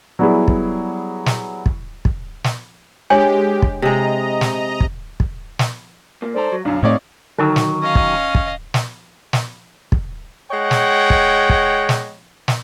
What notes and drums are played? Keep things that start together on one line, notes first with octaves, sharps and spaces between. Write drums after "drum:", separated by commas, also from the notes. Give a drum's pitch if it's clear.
F#3 G3 B3 E4 G#4
drum: kick
drum: snare
drum: kick
drum: kick
drum: snare
G#3 D4 G4 C#5 G#5
drum: kick
C3 G#3 D#5 A#5
drum: snare
drum: kick
drum: kick
drum: snare
A#2 A#3
G#2 A4 C5 D5 A#5
F#3
B1 F#2 D4 F5
A2 C3 G3 A3 C4 D#4 C#5 D5
D3 D#3 F#3 D#4
drum: snare
C#4 D#5 F5
drum: kick
drum: kick
drum: snare
drum: snare
drum: kick
G#3 C#5 D#5 F#5 G5
drum: snare
drum: kick
drum: kick
drum: snare
drum: snare